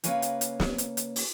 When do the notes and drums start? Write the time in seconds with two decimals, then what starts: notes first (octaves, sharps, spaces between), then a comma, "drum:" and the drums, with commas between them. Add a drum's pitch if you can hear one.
0.04 C#3 A#3 B4 C#5 F5 G#5, drum: hi-hat
0.22 drum: hi-hat
0.41 drum: hi-hat
0.60 drum: snare
0.78 drum: hi-hat
0.97 drum: hi-hat
1.16 drum: open hi-hat